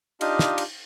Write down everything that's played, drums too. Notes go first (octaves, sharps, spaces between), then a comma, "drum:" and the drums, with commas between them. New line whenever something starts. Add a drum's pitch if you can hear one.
D4 D#4 F4 G4 D#5 F5, drum: cymbal
drum: snare
drum: cymbal